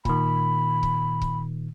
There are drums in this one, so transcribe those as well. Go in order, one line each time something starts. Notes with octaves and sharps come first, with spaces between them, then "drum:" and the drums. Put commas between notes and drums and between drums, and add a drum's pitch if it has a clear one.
A#2 D#3 B5, drum: kick C#1
drum: kick C#1
drum: kick C#1